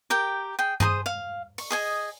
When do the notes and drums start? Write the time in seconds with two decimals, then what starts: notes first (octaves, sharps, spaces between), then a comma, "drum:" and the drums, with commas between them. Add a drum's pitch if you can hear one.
0.10 G4 A#4 G5
0.59 G#4 G5
0.80 G#4 C5 A#5 D#6, drum: tom G2
1.06 F5
1.58 C#6, drum: open hi-hat
1.70 G#4 D#5 G#5